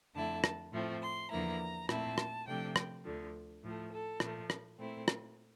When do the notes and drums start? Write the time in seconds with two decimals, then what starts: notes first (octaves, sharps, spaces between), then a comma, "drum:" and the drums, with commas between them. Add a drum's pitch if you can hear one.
0.14 F2 D3 A3 E4 A5
0.44 drum: rim click
0.72 A2 F3 A3 C4
1.02 C6
1.30 E2 D3 F3 A#3 E4 A#5
1.89 A#2 A3 C4 E4 A5, drum: rim click
2.18 drum: rim click
2.46 C3 F3 A3 D4 G5
2.76 drum: rim click
3.04 D2 D3 F3
3.63 A2 F3 A3
3.92 A4
4.20 A#2 F3 A3, drum: rim click
4.50 drum: rim click
4.79 A#2 A3 C4 E4
5.08 drum: rim click